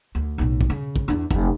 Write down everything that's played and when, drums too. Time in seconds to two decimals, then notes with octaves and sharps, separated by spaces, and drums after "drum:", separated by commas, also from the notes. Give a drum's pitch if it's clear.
0.15 D2
0.38 B1 A2
0.61 drum: kick
0.70 C#3
0.96 drum: kick
1.08 E2 D4
1.31 F1, drum: kick